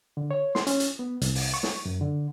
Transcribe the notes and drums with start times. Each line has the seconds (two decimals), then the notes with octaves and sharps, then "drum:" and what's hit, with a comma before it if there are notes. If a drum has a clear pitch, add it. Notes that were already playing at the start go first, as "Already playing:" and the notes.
0.17 D3
0.31 C#5
0.55 C6, drum: snare
0.67 C#4, drum: hi-hat
0.80 drum: hi-hat
0.99 B3
1.22 C2, drum: hi-hat
1.35 drum: open hi-hat
1.54 C#6
1.63 drum: snare
1.85 F#2
2.01 D3